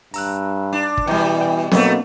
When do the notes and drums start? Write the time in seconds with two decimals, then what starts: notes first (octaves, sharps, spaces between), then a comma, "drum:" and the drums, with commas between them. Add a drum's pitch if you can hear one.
0.14 G2 A#5 E6 F#6, drum: open hi-hat
0.73 D4
0.97 drum: kick
1.07 B2 E3 G3 G5 A#5 G6
1.41 G5
1.72 B2 F#3 A3 A#3 C4 D4, drum: snare B3